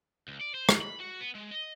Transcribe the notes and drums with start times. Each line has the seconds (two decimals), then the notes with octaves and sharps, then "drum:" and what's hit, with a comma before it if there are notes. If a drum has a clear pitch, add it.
0.28 C#2
0.41 D5
0.54 C5
0.69 D#2, drum: rim click
0.82 B5
1.00 F#4
1.21 B3
1.35 G#3
1.51 D#5